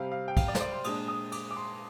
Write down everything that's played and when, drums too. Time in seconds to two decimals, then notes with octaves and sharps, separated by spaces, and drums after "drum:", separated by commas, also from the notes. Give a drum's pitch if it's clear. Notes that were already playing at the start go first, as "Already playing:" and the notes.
Already playing: C3 G3 C4 F5
0.12 F5
0.28 G5
0.37 F5, drum: kick, cymbal
0.48 D5
0.55 C5, drum: snare
0.60 D5
0.72 C6
0.84 A#2 G#3 D4 D#6, drum: cymbal
1.08 D#6
1.32 D6, drum: cymbal
1.51 D6
1.57 C6